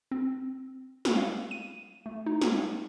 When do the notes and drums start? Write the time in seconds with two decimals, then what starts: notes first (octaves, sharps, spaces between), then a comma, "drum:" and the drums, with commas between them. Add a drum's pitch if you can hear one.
0.11 C4
1.05 drum: snare
1.16 F5
1.51 D#7
2.06 A3
2.26 D#4
2.41 drum: snare